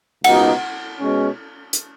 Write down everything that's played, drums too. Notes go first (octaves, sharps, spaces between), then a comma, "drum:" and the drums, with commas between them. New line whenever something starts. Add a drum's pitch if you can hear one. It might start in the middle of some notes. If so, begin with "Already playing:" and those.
C#2 B2 A#3 D#4 F#4 F#5, drum: cymbal
B2 G#3 C#4
drum: hi-hat